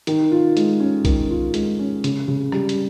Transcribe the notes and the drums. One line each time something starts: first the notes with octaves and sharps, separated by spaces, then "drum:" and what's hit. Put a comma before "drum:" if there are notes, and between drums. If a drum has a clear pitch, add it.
D#3, drum: hi-hat
F4
G#3, drum: hi-hat
C#4
D#3, drum: kick B1, hi-hat
F4
G#3, drum: hi-hat
C#4
C#3, drum: hi-hat
C#3
G3, drum: rim click
drum: hi-hat